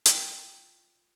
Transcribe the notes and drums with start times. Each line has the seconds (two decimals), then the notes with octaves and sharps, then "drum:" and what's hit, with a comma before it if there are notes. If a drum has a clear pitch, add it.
0.06 F4 D5 G5, drum: hi-hat